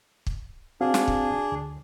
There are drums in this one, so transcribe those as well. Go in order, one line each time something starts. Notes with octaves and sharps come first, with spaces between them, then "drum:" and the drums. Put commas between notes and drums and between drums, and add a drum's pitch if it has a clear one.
drum: kick
C4 D4 F#4 G#4 F5
drum: snare
drum: kick
D2